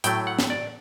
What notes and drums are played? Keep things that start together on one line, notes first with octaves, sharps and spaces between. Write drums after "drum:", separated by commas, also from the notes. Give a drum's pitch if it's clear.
A2 F#3 A3 G5, drum: hi-hat
F#5
drum: snare
D5